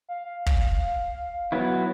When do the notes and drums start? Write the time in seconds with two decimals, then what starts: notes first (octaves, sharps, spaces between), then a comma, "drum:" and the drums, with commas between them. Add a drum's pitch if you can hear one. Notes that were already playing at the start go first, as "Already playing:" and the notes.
0.09 F5
0.46 drum: kick
1.52 F#3 B3 E4